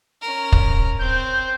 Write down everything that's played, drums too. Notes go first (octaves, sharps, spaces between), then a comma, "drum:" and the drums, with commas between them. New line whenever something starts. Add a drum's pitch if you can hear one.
C#4 A#4
drum: kick
C4 G6